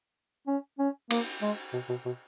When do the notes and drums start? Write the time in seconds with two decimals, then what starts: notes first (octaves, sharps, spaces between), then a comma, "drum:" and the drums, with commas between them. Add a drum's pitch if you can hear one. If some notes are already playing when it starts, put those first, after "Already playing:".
0.47 C#4
0.79 C#4
1.11 A#3, drum: cymbal
1.42 G#3
1.73 B2
1.89 B2
2.06 B2